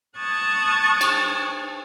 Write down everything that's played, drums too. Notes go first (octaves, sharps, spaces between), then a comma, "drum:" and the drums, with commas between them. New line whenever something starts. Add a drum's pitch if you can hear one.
A5 C#6 D#6 F#6 G#6 A6
drum: cymbal